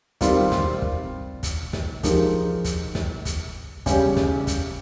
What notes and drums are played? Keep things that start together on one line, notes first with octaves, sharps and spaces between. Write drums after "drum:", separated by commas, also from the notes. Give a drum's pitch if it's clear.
D#3 G3 C4 F4, drum: kick, hi-hat
drum: snare
drum: kick
drum: kick, hi-hat
drum: snare
F3 G#3 D#4 G4 A#4, drum: kick, hi-hat
drum: kick, hi-hat
drum: snare
drum: kick, hi-hat
C#3 G3 C#4 G4, drum: kick, hi-hat
drum: snare
drum: kick, hi-hat